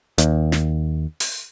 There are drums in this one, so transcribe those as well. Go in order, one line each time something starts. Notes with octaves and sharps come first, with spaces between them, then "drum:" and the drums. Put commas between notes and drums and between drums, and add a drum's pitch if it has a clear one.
D#2, drum: hi-hat
drum: snare
drum: open hi-hat